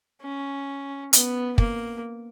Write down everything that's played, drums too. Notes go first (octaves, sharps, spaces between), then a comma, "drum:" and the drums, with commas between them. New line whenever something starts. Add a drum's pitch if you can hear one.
C#4
B3, drum: hi-hat
A#3, drum: kick